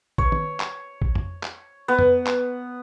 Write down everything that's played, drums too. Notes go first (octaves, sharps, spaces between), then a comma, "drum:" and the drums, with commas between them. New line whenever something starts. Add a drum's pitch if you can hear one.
C#5, drum: kick A1
drum: tom D#3
drum: clap
drum: kick A1
drum: tom F2
drum: clap
B3
drum: tom F2
drum: clap